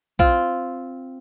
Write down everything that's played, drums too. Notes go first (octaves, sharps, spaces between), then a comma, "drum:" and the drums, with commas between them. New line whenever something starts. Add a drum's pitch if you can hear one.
C4 F4, drum: kick A#1